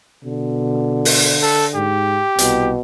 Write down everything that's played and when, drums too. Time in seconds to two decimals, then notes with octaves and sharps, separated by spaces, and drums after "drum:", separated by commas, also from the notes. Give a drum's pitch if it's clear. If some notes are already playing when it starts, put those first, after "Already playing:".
0.24 B2 D3
1.05 drum: open hi-hat
1.43 A4
1.75 G#2 G4
2.39 C2 B2, drum: hi-hat